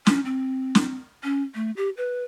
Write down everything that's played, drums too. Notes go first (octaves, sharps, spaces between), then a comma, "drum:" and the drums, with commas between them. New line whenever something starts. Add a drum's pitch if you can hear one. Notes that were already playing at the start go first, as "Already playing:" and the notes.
C#4, drum: snare
C4
drum: snare
C#4
A3
G4
B4